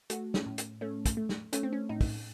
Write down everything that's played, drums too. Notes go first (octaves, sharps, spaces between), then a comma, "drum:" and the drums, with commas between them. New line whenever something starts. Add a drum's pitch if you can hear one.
A3 F#4, drum: hi-hat
C#4, drum: snare
A2
drum: hi-hat
A3 C#4
drum: kick, hi-hat
A3
drum: snare
A3 C#4, drum: hi-hat
C4
C#4
A2 D#4
drum: kick, open hi-hat